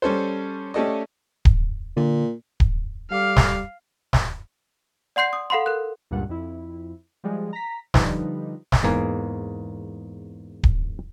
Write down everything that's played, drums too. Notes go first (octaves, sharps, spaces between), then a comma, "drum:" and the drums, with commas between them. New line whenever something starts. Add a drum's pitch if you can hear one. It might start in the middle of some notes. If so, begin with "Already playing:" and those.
G3 C#4 A4 C5
A3 C#4 G4 A4 D5 D#5
drum: kick D1
A#2 D3
drum: kick D1
G3 A4 F5 D6 F6
drum: snare
drum: snare
D5 F#5 C6 G6 C7
D#6
A4 F5 F#5 B5 C6
A4 A#4 F#6
C#2 G2 A#2 G3 F#5
F2 E4
F3 G3 G#3
A#5 B6
D3 F3 G3 D#4 B4, drum: snare
drum: snare
E2 G#2 A#3 G#5
drum: kick D1